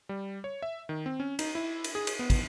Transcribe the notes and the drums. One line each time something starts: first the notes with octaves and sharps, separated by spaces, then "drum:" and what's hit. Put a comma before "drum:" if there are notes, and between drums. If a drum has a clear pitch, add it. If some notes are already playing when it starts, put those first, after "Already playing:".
G3
C#5
E5
D#3
C4
C#4
D#4, drum: cymbal
E4
drum: cymbal
G#4
drum: cymbal
B3
drum: kick, cymbal